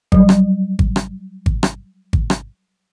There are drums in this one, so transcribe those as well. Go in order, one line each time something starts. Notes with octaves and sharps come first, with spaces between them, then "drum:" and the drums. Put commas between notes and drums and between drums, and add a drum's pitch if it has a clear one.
F#3 G3, drum: kick G#1
drum: rim click
drum: kick G#1
drum: rim click
drum: kick G#1
drum: rim click
drum: kick G#1
drum: rim click